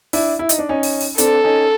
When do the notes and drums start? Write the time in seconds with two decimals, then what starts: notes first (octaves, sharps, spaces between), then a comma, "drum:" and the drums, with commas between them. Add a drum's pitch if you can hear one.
0.13 D4 E4, drum: open hi-hat
0.39 E4
0.49 D#4, drum: hi-hat
0.59 D4
0.69 C#4 D#4
0.83 drum: open hi-hat
1.01 drum: open hi-hat
1.18 C4 D4 A4, drum: hi-hat
1.44 C#4 D#4